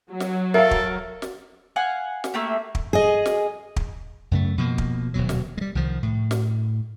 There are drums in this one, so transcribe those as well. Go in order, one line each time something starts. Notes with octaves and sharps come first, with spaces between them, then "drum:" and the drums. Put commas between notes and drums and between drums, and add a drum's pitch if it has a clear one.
F#3
drum: snare
A4 A#4 E5 F5
drum: kick
drum: snare
F5 F#5 G#5 F#6
drum: snare
A3 A#3 G4
drum: kick
G#4 D#5
drum: snare
drum: kick
F#2 C#3 A3
B2 F3 A#3
drum: kick
D#1 D2 B2 F#3
drum: snare
G3 G#3
C2 D#3 F3
A2
drum: snare